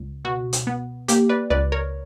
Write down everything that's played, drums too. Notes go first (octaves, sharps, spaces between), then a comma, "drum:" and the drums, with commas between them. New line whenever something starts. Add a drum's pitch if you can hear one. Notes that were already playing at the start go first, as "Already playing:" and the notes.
Already playing: C#2
B2 F#4
drum: hi-hat
B3
A#3 G4, drum: hi-hat
B4 D5
C#2 B4 D5
A#4 C#5